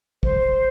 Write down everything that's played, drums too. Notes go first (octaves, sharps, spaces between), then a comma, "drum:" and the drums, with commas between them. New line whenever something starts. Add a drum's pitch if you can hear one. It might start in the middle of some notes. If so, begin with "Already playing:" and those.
C5, drum: kick